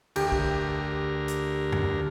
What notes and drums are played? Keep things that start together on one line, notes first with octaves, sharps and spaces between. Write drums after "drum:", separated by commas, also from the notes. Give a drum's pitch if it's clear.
D2 G4 A#4, drum: cymbal
drum: kick
drum: hi-hat
drum: tom F#2